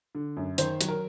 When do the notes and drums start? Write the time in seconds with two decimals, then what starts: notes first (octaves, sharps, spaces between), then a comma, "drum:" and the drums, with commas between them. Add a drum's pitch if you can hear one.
0.15 D3
0.37 F#2
0.58 D#3 C5, drum: hi-hat
0.81 F#3, drum: hi-hat
0.88 A#4